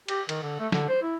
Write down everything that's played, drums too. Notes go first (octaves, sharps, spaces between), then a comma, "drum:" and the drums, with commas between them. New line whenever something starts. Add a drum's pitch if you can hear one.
G4, drum: cymbal
D#3, drum: cymbal
D3
A3
D3, drum: snare
C5
E4